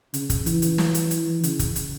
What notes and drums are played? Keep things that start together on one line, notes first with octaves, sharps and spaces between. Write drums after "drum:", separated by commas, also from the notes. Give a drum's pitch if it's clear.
C#3, drum: hi-hat
drum: kick, hi-hat
E3, drum: hi-hat
drum: hi-hat
drum: snare
drum: hi-hat
drum: hi-hat
C#3, drum: hi-hat
drum: kick, hi-hat
drum: hi-hat